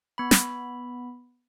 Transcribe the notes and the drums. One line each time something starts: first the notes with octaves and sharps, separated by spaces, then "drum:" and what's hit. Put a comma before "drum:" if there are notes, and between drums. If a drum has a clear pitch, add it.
B3 B5
drum: snare